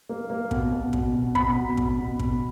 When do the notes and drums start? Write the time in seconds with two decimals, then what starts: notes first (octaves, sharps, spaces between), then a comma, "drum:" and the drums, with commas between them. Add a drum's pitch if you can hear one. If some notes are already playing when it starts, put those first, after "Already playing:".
0.09 A#3
0.30 A#3
0.51 B2, drum: kick
0.72 B2
0.93 B2, drum: kick
1.14 B2
1.35 B2 B5, drum: kick
1.56 B2
1.77 B2, drum: kick
1.99 B2
2.19 B2, drum: kick